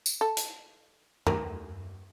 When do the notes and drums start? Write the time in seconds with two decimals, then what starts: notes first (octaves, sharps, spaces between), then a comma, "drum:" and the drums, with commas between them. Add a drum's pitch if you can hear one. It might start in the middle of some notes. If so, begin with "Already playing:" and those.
0.06 drum: tambourine
0.21 A4
0.37 drum: hi-hat
1.27 A#4, drum: tom F#2